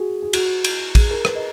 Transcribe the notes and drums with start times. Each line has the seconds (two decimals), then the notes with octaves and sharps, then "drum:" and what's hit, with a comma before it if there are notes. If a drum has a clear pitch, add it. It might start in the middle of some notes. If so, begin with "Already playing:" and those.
Already playing: F#4 G#4
0.22 G#4
0.33 F#4, drum: cymbal
0.64 drum: cymbal
0.95 G#4, drum: kick, cymbal
1.11 A#4
1.25 B4, drum: rim click
1.35 D#5